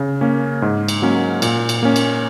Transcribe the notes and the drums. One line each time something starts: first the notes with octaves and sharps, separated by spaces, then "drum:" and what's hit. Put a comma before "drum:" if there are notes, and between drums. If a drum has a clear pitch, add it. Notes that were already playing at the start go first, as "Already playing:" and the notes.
Already playing: C#3
A#3 C#4
G#2
drum: cymbal
F#3 A#3 C#4
A#2, drum: cymbal
drum: cymbal
A#3 C#4
drum: cymbal